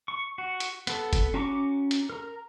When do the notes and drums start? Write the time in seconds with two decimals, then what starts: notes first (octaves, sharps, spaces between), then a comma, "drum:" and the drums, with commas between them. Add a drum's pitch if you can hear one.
0.08 C#6
0.38 F#4
0.60 drum: hi-hat
0.87 B3 A4, drum: hi-hat
1.13 drum: kick F#1, hi-hat
1.34 C#4 F#4 A#5 C#6 D6
1.91 drum: hi-hat
2.10 A#4 A#5